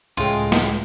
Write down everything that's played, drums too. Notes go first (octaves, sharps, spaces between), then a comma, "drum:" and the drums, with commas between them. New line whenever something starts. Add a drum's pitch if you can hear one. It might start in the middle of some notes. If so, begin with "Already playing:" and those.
C#2 A2 G#3 F4 G5, drum: cymbal
drum: snare